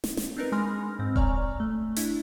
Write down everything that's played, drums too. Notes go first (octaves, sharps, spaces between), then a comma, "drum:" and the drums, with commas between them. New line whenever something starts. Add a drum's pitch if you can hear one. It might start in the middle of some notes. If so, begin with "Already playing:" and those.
drum: snare
drum: snare
C4 D4 D#4 A#4 B4
G#3 G#5 B5 C6 F6 A#6
G#2 C4
C#5 D5 G#5 A#5 C#6 F6, drum: kick D#1
A3
D4 E4, drum: hi-hat